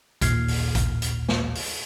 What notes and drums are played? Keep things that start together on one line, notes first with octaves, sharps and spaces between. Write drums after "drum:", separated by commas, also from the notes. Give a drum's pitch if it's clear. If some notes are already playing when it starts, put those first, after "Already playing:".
A1 D#2 A#2 F6 G#6 C7, drum: kick, hi-hat
drum: open hi-hat
drum: kick, hi-hat
drum: hi-hat
drum: snare
drum: open hi-hat